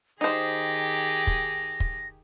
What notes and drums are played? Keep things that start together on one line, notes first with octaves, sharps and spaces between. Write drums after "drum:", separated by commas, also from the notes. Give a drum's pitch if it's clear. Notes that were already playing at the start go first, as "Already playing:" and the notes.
D#3 D#4 G4 G#4 C5 A#6
drum: kick
drum: kick